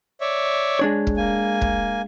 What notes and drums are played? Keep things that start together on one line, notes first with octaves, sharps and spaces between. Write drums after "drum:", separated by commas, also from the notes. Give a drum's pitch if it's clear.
C#5 D5 E5
G#3 D4 C#5
drum: kick
A#3 G#5
drum: kick